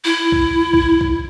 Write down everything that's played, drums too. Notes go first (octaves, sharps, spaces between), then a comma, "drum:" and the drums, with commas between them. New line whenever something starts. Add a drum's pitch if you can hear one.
E4
drum: kick B1
drum: kick B1
drum: kick B1